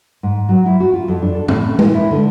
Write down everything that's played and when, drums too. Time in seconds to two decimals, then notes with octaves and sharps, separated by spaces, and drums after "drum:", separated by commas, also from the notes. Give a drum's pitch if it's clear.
0.23 G#2
0.49 F#3
0.66 E4
0.80 F#4
0.93 F4
1.08 F2
1.22 D4
1.35 A4
1.48 A2, drum: tom
1.79 A#2, drum: tom G#3
1.94 E4
2.11 D3